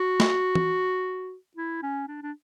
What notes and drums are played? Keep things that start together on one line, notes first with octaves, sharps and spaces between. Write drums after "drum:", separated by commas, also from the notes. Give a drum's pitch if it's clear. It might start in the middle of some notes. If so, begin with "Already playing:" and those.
Already playing: F#4
drum: snare
drum: tom
E4
C#4
D4
D4